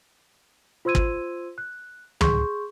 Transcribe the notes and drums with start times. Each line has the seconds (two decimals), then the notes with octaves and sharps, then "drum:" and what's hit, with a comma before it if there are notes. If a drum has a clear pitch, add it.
0.85 F4 C5 C6 E6 G#6 D#7
0.95 drum: kick
1.58 F#6
2.21 G#4 C6 C#6 G6, drum: tom